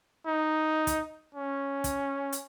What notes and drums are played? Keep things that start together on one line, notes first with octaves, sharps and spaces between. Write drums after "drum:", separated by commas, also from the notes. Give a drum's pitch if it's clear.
D#4
drum: kick, hi-hat
C#4
drum: kick, hi-hat
drum: hi-hat